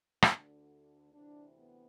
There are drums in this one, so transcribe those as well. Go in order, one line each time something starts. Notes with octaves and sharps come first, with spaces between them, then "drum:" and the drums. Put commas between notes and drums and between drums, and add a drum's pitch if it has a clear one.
D2 D3, drum: rim click
D2 C3 E3 D4
B3